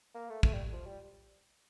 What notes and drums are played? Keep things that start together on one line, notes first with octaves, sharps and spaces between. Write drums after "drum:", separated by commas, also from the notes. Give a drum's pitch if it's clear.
A#3
A3
A3, drum: kick
G3
F3
G3